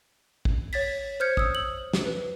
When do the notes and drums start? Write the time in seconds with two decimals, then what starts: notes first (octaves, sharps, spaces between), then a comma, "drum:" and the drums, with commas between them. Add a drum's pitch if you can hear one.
0.45 drum: kick
0.73 C#5 A6 B6, drum: open hi-hat
1.20 C5 F6 G6 G#6 C#7
1.37 D#6 E6, drum: kick
1.55 F#7
1.93 drum: snare
2.05 B4